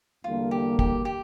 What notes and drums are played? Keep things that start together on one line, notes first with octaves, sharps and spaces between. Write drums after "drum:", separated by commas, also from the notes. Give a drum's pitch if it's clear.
E2 D3 G3 A#3 F4
G4
G4, drum: kick
G4